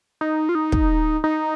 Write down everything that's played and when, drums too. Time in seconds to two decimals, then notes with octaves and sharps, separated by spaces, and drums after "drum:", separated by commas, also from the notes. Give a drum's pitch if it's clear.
0.21 D#4
0.49 F4
0.55 D#4
0.72 drum: kick
1.24 D#4